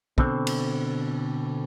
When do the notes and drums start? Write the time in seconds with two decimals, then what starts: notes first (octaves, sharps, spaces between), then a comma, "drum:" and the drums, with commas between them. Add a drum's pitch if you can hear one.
0.18 B2 D3 C4, drum: kick
0.47 drum: cymbal